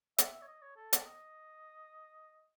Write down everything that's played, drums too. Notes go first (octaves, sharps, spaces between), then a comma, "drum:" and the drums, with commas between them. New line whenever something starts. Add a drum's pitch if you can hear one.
E5, drum: hi-hat
E5
C#5
D#5
C#5
A4
drum: hi-hat
D#5